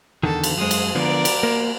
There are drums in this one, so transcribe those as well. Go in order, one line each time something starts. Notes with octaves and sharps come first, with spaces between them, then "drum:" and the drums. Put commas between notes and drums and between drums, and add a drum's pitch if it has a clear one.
E2 D3 D#3 A4
drum: cymbal
F#2 G#3 C5 D#6
drum: cymbal
D3 F3 B3 A#4 D5
drum: cymbal
A#3